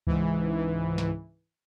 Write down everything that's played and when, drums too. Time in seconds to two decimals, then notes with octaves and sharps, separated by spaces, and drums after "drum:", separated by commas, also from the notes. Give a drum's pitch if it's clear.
0.07 C#2 G#2 E3, drum: kick
0.98 drum: snare